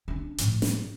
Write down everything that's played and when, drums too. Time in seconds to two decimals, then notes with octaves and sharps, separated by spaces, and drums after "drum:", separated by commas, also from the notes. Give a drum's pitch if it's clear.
0.08 C#4 D4
0.38 A2 F3, drum: hi-hat
0.62 drum: snare